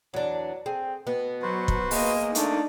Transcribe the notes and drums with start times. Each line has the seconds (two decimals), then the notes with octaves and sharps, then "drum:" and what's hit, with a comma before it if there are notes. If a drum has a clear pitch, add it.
0.14 E2 F#3 D4
0.66 C4 G#4
1.07 B2 B3
1.42 F#3 F#4 B4 C5
1.68 drum: kick
1.91 G#3 A#3 D#5, drum: open hi-hat
2.35 A3 A#3 D4 D#4, drum: hi-hat